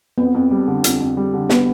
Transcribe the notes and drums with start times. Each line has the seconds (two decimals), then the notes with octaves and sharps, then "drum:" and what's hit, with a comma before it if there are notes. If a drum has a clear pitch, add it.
0.18 F2 B3
0.35 F2
0.51 G3
0.67 D3
0.84 F2, drum: hi-hat
1.00 F2
1.17 G3
1.34 D3
1.50 B3, drum: snare